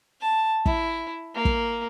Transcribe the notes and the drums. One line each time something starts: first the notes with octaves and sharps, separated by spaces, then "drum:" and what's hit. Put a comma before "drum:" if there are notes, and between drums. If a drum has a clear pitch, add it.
A5
E4, drum: kick
A#3
drum: kick